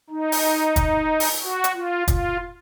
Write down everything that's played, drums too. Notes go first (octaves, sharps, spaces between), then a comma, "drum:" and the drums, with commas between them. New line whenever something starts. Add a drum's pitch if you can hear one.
D#4
drum: open hi-hat
drum: kick, hi-hat
drum: open hi-hat
F#4
drum: hi-hat
F4
F4, drum: kick, hi-hat